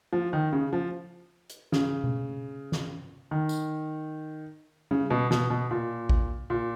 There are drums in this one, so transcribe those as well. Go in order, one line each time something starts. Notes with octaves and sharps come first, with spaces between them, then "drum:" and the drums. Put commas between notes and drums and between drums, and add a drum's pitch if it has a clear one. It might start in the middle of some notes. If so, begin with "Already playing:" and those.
F3
D#3
C#3
F3
drum: hi-hat
C#3, drum: snare
drum: tom B2
drum: snare
D#3
drum: tambourine
C#3, drum: tom G3
B2
B2, drum: snare
B2
A#2
drum: kick A1
A#2